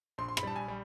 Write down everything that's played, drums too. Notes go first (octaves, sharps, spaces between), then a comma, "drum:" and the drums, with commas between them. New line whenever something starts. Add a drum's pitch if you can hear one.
A#1 C6
C6
B5, drum: rim click
G3 A5
G#5
G3